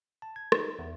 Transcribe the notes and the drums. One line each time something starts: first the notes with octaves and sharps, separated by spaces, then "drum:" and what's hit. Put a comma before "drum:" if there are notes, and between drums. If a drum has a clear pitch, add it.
A5
G#6
D#4, drum: rim click
E2